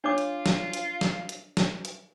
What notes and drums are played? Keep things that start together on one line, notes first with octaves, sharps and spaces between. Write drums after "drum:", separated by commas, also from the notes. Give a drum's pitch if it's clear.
D4 F4 C#5 D6
drum: hi-hat
drum: snare
drum: hi-hat
drum: snare
drum: hi-hat
drum: snare
drum: hi-hat